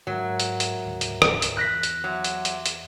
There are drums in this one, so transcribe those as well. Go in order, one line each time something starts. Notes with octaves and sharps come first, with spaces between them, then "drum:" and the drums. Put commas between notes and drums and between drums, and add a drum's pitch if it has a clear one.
G#2 F#3 G#3 A#4 E5 A#5
drum: hi-hat
drum: hi-hat
D2 G#2 C#3
drum: hi-hat
drum: rim click
drum: hi-hat
E2 F#6 A#6 B6
drum: hi-hat
F#3 E5 C6 D6
drum: hi-hat
drum: hi-hat
drum: hi-hat